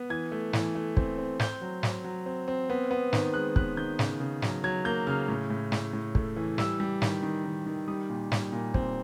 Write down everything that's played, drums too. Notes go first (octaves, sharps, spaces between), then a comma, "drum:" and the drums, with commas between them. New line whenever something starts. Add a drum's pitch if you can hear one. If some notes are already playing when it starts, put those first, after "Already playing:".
Already playing: B3
E3 G#6
A3
E3, drum: snare
A3
C4, drum: kick
C4
C4 G6, drum: snare
F#3
F#3, drum: snare
F#3
C4
C4
B3
B3
D#3, drum: snare
G#3 F#6
B3 F#6, drum: kick
D#3 G6
C#3, drum: snare
C#3
F#3, drum: snare
F#3 G#6
A#3 G6
C#3 F6
A2
A2
A2, drum: snare
A2
A3, drum: kick
E3
G3 E6, drum: snare
G3
D#3, drum: snare
D#3
D#3
D#3
G3 D#6
A#2
G3, drum: snare
A#2
C4, drum: kick